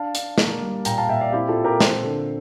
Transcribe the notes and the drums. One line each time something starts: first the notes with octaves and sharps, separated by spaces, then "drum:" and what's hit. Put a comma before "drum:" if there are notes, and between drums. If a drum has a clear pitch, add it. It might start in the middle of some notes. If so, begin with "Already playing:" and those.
Already playing: D4 F5 A5
D4, drum: hi-hat
A#3, drum: snare
G3
A#2 G5 A#5, drum: hi-hat
F5 A5
A#2 E5 G5
D5 F5
C4 E4 G4
F4 A4
A#2
G4 A#4
C4 A4 C5, drum: snare
D3